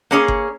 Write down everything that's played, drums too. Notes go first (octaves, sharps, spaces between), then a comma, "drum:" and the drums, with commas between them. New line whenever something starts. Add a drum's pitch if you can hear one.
A#3 C#4 G#4 C#5
drum: kick G1